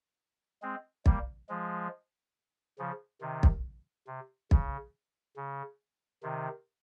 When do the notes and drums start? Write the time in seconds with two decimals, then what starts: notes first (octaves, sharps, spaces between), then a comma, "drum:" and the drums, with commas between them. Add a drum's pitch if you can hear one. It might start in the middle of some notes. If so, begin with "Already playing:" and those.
0.62 G#3 C4
1.06 G3 A#3, drum: kick
1.49 F3 G#3
2.79 C#3 F3
3.21 C3 D#3
3.43 drum: kick
4.07 C3
4.51 C#3, drum: kick
5.37 C#3
6.23 C3 D#3